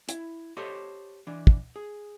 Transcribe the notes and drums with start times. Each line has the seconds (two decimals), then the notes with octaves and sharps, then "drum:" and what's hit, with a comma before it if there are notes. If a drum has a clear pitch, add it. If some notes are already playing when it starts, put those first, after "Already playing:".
0.09 E4, drum: hi-hat
0.57 G4 A4 C5 C#5 D#5
1.27 E3 D4
1.47 drum: kick
1.76 G#4